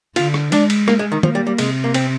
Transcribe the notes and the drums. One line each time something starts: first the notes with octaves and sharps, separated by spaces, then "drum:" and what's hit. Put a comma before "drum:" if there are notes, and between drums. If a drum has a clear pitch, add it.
D3 F4, drum: cymbal
drum: rim click
G#3 D4, drum: cymbal
drum: cymbal
A#3, drum: rim click
G#3
D#3
F3 A#3, drum: tom D#3
G3
G3
C3 G#3, drum: cymbal
A#3
C4, drum: cymbal